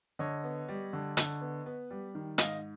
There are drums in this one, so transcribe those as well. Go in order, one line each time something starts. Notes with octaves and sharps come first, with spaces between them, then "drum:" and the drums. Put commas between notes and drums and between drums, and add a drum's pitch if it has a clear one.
D3 C#5 D#5
B3
G3
D3
D3, drum: hi-hat
B3
B3
G3
D#3
G#2 D#5 F5, drum: hi-hat